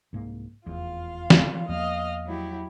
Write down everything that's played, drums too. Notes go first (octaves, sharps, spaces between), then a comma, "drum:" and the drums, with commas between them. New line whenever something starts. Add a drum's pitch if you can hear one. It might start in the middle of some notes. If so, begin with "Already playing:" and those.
C2 G#2 A#3
F1 E2 F4 F5
drum: snare
E2 F3 A#3 D#5 F5 F6
F#3 E4 G4